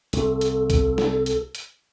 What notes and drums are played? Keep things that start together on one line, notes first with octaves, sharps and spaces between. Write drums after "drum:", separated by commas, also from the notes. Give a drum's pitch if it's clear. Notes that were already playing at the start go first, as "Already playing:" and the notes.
C2 A4, drum: hi-hat
drum: hi-hat
drum: kick C2, hi-hat
drum: snare
drum: hi-hat
drum: hi-hat